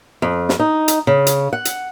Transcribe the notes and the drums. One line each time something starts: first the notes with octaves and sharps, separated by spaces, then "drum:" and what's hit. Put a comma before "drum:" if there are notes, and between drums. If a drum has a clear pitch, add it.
F2
drum: snare
D#4
drum: hi-hat
C#3
drum: hi-hat
F#5
drum: hi-hat